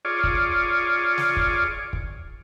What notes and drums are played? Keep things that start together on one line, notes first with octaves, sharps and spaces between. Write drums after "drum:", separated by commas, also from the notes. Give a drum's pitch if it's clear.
F4 G#4 C#5 D5
drum: kick
drum: snare
drum: kick
drum: kick